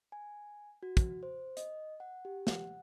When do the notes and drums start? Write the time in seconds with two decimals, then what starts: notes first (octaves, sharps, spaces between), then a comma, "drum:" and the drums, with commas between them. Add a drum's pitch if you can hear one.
0.12 G#5
0.83 F#4
0.97 drum: kick, hi-hat
1.23 C5
1.57 D#5, drum: hi-hat
2.00 F#5
2.25 G4
2.47 F#5, drum: snare